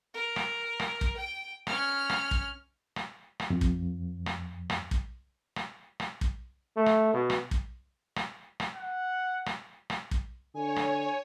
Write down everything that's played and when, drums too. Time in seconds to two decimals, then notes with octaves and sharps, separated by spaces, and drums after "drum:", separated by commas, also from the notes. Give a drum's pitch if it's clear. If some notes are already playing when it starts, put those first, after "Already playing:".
0.14 A#4
0.36 drum: rim click
0.79 drum: rim click
1.01 drum: kick
1.16 G5
1.67 C#4 F6, drum: rim click
2.10 drum: rim click
2.31 drum: kick
2.96 drum: rim click
3.40 drum: rim click
3.50 F2
3.61 drum: kick
4.26 drum: rim click
4.70 drum: rim click
4.91 drum: kick
5.56 drum: rim click
6.00 drum: rim click
6.21 drum: kick
6.77 A3
6.86 drum: rim click
7.14 B2
7.30 drum: rim click
7.51 drum: kick
8.16 drum: rim click
8.60 drum: rim click
8.75 F#5
9.46 drum: rim click
9.90 drum: rim click
10.11 drum: kick
10.55 D3 C#5 G#5
10.76 drum: rim click